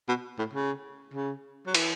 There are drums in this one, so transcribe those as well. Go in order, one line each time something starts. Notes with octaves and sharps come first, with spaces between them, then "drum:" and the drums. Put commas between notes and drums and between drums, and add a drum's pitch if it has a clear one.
B2
A2
C#3
C#3
F#3
E3, drum: cymbal